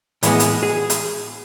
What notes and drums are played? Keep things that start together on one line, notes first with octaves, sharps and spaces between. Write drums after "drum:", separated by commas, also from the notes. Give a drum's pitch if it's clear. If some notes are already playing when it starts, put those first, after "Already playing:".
A2 E3 G#3 B3, drum: hi-hat
drum: hi-hat
G#4
drum: hi-hat